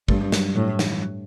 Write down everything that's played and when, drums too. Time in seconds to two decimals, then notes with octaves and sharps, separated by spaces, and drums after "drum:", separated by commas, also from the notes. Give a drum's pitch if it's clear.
0.09 G2 A3, drum: kick
0.21 G3
0.32 F#3, drum: snare
0.56 A2 F#3
0.79 E3, drum: snare
0.92 E3
1.02 F#3